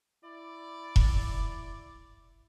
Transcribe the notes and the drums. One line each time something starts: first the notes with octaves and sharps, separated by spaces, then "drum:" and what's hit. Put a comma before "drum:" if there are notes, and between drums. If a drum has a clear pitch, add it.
E4 D5
drum: kick E1